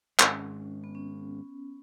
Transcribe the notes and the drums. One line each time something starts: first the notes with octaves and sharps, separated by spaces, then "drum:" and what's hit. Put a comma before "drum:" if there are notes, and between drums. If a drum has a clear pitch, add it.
G#2 D#3 G#3 C#4, drum: clap
B3
C#4